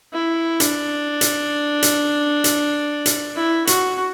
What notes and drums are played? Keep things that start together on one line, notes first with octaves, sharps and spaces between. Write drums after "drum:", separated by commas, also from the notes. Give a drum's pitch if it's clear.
E4
D4, drum: hi-hat
drum: hi-hat
drum: hi-hat
drum: hi-hat
drum: hi-hat
E4
F#4, drum: hi-hat